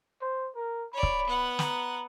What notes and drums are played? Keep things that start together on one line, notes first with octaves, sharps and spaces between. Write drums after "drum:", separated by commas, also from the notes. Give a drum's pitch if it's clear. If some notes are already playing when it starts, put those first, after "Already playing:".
C5
A#4
C#5 D5 B5
drum: kick C#1
B3 F#5
A#5, drum: snare